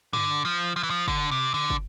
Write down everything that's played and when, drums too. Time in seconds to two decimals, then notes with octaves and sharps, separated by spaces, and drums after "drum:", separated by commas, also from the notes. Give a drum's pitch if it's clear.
0.13 D3, drum: tom G2
0.45 F3
0.76 F3
0.83 E3
0.90 F3
1.08 D3, drum: kick
1.31 C3
1.54 D3
1.70 drum: kick